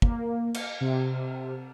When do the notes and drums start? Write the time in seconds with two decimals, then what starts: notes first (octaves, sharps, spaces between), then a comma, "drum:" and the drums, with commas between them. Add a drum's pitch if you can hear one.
0.02 A#3, drum: kick
0.54 drum: cymbal
0.81 C3